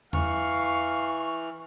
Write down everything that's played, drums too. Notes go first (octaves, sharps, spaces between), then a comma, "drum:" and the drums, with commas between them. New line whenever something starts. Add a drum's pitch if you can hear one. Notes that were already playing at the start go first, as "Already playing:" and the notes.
E3 F5 C#6 F6, drum: tom E2